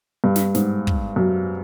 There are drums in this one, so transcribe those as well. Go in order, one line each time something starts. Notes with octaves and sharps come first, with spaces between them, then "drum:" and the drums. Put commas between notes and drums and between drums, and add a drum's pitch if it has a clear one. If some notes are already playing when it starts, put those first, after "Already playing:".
G2
drum: snare
G#2, drum: snare
drum: kick
F#2